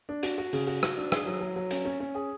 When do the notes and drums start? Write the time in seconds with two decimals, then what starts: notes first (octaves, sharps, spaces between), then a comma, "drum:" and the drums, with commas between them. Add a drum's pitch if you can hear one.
0.09 D4
0.23 F#4, drum: hi-hat
0.38 F#4
0.53 C#3, drum: open hi-hat
0.67 F#4
0.83 F#4, drum: rim click
0.97 D4
1.12 G#4, drum: rim click
1.26 F#3
1.41 F#3
1.56 F#3
1.71 C#4, drum: hi-hat
1.85 C#4
2.00 C#4
2.15 G#4